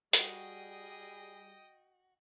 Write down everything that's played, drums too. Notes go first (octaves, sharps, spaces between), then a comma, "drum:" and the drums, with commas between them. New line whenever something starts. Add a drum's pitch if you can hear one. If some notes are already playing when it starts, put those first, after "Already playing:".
G3 F#4 G#4 D#5 G5, drum: hi-hat